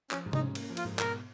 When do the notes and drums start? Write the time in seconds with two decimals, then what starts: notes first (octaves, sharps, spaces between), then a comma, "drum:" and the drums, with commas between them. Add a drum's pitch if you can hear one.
0.11 F3 C#4, drum: clap
0.26 G#2
0.33 D#4, drum: tom C3
0.41 C#4
0.55 A#3, drum: cymbal
0.70 F3
0.77 F4, drum: cymbal
0.85 G#2
0.99 B2 A#4, drum: clap